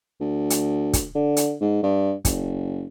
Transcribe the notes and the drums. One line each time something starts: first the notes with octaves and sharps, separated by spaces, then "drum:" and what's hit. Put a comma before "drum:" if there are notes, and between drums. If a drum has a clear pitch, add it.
D2
drum: hi-hat
drum: kick, hi-hat
D3
drum: hi-hat
G#2
G2
F#1, drum: kick, hi-hat